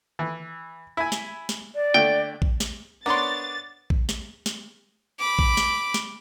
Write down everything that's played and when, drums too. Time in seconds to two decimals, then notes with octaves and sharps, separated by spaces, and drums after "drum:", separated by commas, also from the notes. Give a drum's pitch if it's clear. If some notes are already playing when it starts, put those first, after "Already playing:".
0.19 E3
0.97 E4 G#5
1.12 drum: snare
1.49 drum: snare
1.75 D5
1.94 D3 A3 G5
2.42 drum: kick A#1
2.60 drum: snare
3.06 B3 D4 A#4 C#5 C6 D6 A6
3.90 drum: kick A#1
4.09 drum: snare
4.46 drum: snare
5.19 B5 D6
5.39 drum: kick A#1
5.57 drum: snare
5.94 drum: snare